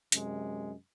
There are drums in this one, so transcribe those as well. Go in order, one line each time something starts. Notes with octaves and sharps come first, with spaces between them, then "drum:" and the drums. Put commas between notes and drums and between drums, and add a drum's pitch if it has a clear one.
F#2 C3 G#3, drum: hi-hat